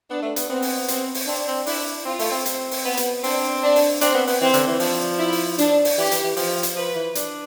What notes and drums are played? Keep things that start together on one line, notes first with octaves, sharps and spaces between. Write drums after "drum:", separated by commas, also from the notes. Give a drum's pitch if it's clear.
B3 D4
A3
B3, drum: hi-hat
B3 C4
drum: open hi-hat
C4, drum: hi-hat
drum: open hi-hat
C4 D4
C4
D4 E4, drum: open hi-hat
C4 F4
A3, drum: open hi-hat
C4
C4, drum: hi-hat
drum: open hi-hat
B3
drum: hi-hat
C4 D4, drum: open hi-hat
D4
drum: open hi-hat
C4 D4, drum: hi-hat
B3
B3, drum: open hi-hat
E3 C4
D3, drum: hi-hat
E3
F3 D4, drum: open hi-hat
E4
drum: open hi-hat
D4, drum: hi-hat
drum: open hi-hat
E3 G4
E3, drum: hi-hat
E3
F3, drum: open hi-hat
drum: hi-hat
F3 B4
E3
D4, drum: hi-hat